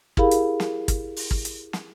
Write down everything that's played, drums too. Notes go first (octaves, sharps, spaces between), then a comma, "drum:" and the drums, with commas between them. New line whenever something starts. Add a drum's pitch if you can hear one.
E4 G4 G#4 A#4 F5 B5, drum: kick
drum: hi-hat
drum: snare
drum: kick, hi-hat
drum: open hi-hat
drum: kick
drum: hi-hat
drum: snare